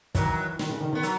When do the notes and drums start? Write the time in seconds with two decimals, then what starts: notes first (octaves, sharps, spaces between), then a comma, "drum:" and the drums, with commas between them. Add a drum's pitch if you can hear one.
0.15 D#3 E3 F#3, drum: kick, hi-hat
0.59 D#3, drum: snare
0.70 C#3
0.81 D#3
0.93 D#3 B3
1.03 F#3, drum: hi-hat